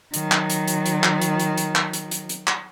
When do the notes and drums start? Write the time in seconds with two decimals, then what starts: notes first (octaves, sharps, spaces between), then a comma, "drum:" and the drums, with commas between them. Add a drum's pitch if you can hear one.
0.14 D#3 F#3, drum: hi-hat
0.32 drum: clap
0.50 drum: hi-hat
0.68 drum: hi-hat
0.86 drum: hi-hat
1.04 drum: clap
1.22 drum: hi-hat
1.39 drum: hi-hat
1.57 drum: hi-hat
1.75 drum: clap
1.93 drum: hi-hat
2.11 drum: hi-hat
2.29 drum: hi-hat
2.47 drum: clap